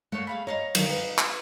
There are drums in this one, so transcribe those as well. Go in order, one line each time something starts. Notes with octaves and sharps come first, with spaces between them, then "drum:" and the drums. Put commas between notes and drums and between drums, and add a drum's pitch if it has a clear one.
A3 A#3 C#5 F#5
G#4 F5 B5
C#5 D#5 F5 A#5
D3 D#3 F#3, drum: cymbal
B4
drum: clap